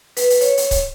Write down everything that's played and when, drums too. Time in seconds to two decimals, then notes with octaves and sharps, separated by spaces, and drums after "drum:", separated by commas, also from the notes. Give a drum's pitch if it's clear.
0.17 B4, drum: hi-hat
0.30 drum: hi-hat
0.41 C#5, drum: hi-hat
0.57 drum: hi-hat
0.71 drum: kick C#1, hi-hat